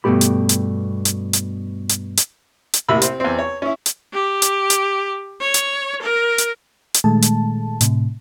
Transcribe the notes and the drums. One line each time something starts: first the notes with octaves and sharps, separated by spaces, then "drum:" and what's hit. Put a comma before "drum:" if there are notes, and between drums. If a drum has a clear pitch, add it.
G2 B2 E3 A3 G4 B5
drum: hi-hat
drum: hi-hat
drum: hi-hat
drum: hi-hat
drum: hi-hat
drum: hi-hat
drum: hi-hat
A1 C3 A#3 E4 B5 E6
C4, drum: hi-hat
E2 C4
C#5
C#4 E4
drum: hi-hat
G4
drum: hi-hat
drum: hi-hat
C#5
drum: hi-hat
A#4
drum: hi-hat
drum: hi-hat
A#2 D#3 G#3 A3 A5
drum: hi-hat
A2 C3, drum: hi-hat